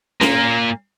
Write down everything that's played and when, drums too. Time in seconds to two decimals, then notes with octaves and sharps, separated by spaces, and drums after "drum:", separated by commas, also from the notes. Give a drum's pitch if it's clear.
0.21 A#2 A#3, drum: snare C#4